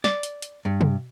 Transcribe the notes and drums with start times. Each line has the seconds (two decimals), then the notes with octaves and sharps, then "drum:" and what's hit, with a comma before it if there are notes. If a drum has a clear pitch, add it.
0.04 D5, drum: snare
0.23 drum: hi-hat
0.42 drum: hi-hat
0.65 G2
0.81 drum: tom